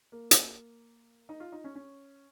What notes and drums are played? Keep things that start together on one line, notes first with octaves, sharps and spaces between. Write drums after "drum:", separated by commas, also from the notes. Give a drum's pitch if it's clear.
A#3
drum: hi-hat
D#4
F4
D#4
C#4
C#4